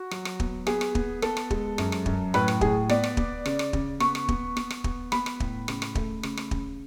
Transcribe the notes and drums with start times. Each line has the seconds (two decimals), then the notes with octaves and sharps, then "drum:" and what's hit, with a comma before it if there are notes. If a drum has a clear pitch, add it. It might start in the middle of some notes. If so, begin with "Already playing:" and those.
Already playing: F#4
0.11 F#3, drum: rim click
0.25 drum: rim click
0.40 B3, drum: kick
0.67 B3 G#4, drum: rim click
0.81 drum: rim click
0.95 B3, drum: kick
1.22 B3 A4, drum: rim click
1.37 drum: rim click
1.50 G#3, drum: kick
1.78 F#2, drum: rim click
1.92 drum: rim click
2.06 F#2, drum: kick
2.34 A2 B4, drum: rim click
2.48 drum: rim click
2.61 A2 G#4, drum: kick
2.89 B3 D5, drum: rim click
3.04 drum: rim click
3.17 B3, drum: kick
3.46 C#3, drum: rim click
3.59 drum: rim click
3.73 C#3, drum: kick
4.00 B3 C#6, drum: rim click
4.15 drum: rim click
4.28 B3, drum: kick
4.57 B3, drum: rim click
4.70 drum: rim click
4.84 B3, drum: kick
5.12 B3 B5, drum: rim click
5.26 drum: rim click
5.40 A2, drum: kick
5.68 C#3, drum: rim click
5.82 drum: rim click
5.95 A3, drum: kick
6.23 C#3, drum: rim click
6.37 drum: rim click
6.51 C#3, drum: kick